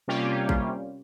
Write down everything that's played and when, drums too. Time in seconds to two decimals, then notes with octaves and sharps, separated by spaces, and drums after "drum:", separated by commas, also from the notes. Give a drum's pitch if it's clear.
0.08 C3 G3 A#3 C#4 F4 G4
0.49 drum: kick